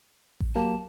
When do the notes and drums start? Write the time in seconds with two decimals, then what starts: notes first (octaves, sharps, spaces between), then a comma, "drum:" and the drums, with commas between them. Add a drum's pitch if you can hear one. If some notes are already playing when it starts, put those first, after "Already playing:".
0.40 drum: kick A1
0.55 F#3 A#3 G4 A5